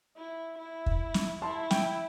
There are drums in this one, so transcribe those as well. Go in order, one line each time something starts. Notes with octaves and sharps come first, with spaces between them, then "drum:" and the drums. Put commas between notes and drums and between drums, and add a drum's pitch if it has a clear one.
E4
E4
drum: kick
drum: snare
E4 A5 C6
G5, drum: snare